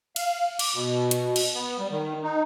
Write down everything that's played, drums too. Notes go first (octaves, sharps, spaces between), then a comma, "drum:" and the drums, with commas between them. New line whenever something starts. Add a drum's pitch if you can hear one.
F5, drum: cymbal
D6, drum: cymbal
B2
drum: hi-hat
drum: cymbal
B3
G3
D#3
D#4